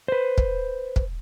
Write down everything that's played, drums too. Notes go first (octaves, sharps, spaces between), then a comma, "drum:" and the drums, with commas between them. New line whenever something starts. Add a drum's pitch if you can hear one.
B4 C5
drum: kick
drum: kick